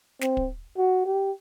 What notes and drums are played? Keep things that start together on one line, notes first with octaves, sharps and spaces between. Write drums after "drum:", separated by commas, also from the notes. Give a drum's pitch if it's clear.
C4, drum: snare
drum: kick
F#4
G4